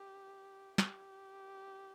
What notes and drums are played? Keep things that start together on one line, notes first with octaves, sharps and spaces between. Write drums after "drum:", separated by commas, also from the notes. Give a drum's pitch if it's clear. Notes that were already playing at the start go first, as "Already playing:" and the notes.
Already playing: G4
G4, drum: snare